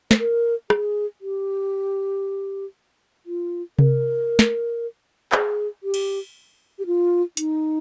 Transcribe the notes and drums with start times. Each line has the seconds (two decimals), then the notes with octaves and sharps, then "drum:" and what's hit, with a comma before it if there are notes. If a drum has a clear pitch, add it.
0.11 C5, drum: snare
0.18 A#4
0.70 G#4, drum: rim click
1.21 G4
3.26 F4
3.79 A#4, drum: tom C3
4.39 drum: snare
5.32 G#4, drum: clap
5.83 G4
5.94 drum: cymbal
6.79 G4
6.86 F4
7.37 D#4, drum: hi-hat